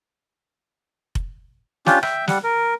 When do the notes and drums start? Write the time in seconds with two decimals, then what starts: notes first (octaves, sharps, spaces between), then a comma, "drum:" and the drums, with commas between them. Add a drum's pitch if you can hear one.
1.15 drum: kick F1
1.86 C#4 D4 F4 G4, drum: snare
2.03 E5 G5, drum: rim click
2.28 G3 F#5, drum: snare
2.44 A#4